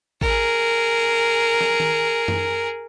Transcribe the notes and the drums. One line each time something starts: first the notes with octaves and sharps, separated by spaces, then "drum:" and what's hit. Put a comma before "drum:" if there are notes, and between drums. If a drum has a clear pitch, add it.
G#4 A#4, drum: kick A1
drum: snare
drum: tom D#3
drum: tom F#2